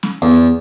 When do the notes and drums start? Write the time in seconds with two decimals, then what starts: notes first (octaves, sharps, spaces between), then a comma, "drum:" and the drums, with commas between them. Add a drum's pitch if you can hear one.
0.03 drum: snare
0.22 E2